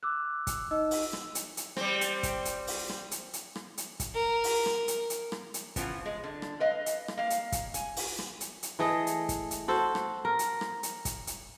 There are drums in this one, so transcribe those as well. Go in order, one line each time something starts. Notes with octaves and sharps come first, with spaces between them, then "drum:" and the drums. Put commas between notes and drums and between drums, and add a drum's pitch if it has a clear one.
D6 E6 F#6
drum: kick, hi-hat
D#4 D#5 E6
drum: open hi-hat
drum: rim click
drum: hi-hat
drum: hi-hat
G3 C4, drum: rim click
drum: hi-hat
drum: kick, hi-hat
drum: hi-hat
drum: open hi-hat
drum: rim click
drum: hi-hat
drum: hi-hat
drum: rim click
drum: hi-hat
drum: kick, hi-hat
A#4
drum: open hi-hat
drum: rim click
drum: hi-hat
drum: hi-hat
drum: rim click
drum: hi-hat
C#3 E3 F3 B3, drum: kick, hi-hat
G#3
D3
drum: rim click
B4 D#5 F5
drum: hi-hat
drum: rim click
A#3 F5
drum: hi-hat
drum: kick, hi-hat
G#5, drum: hi-hat
drum: open hi-hat
drum: rim click
drum: hi-hat
drum: hi-hat
E3 A3 G#4 D#5
drum: hi-hat
drum: kick, hi-hat
drum: hi-hat
F#4 A4 C5
drum: rim click
A#4
drum: hi-hat
drum: rim click
drum: hi-hat
drum: kick, hi-hat
drum: hi-hat